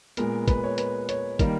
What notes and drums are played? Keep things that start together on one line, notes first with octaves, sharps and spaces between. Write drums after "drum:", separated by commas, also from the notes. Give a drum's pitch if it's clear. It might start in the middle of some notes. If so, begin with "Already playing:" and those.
A#2 G#3 B3 A#4, drum: hi-hat
B4, drum: kick, hi-hat
C#5
B4, drum: hi-hat
C#5, drum: hi-hat
D#3 G3 A#3 A#4, drum: kick, hi-hat